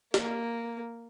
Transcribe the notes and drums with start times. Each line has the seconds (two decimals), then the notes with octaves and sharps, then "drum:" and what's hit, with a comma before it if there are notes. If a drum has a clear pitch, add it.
0.14 A#3, drum: snare